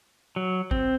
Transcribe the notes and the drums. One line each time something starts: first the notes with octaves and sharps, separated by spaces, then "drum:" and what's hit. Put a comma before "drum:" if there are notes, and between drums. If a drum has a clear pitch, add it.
F#3
C4, drum: kick G#1